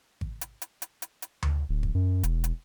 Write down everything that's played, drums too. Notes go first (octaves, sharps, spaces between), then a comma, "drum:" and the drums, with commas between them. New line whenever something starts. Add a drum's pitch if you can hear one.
drum: kick G#1
drum: hi-hat
drum: hi-hat
drum: hi-hat
drum: hi-hat
drum: hi-hat
drum: tom D2
D1
drum: kick G#1
F#2
E1, drum: hi-hat
drum: hi-hat